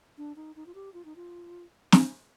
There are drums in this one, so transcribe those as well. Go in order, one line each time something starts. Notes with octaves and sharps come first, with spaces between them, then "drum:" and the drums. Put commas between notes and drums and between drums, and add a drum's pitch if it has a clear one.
D4
D#4
D#4
F4
G4
F4
D#4
F4
drum: snare